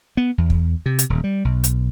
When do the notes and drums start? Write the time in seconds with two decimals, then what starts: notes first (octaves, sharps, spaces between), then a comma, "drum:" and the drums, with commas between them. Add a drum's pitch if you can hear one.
0.17 B3
0.38 E2
0.50 drum: kick
0.86 C3
0.99 drum: hi-hat
1.10 D#1
1.24 G3
1.45 B1
1.64 drum: hi-hat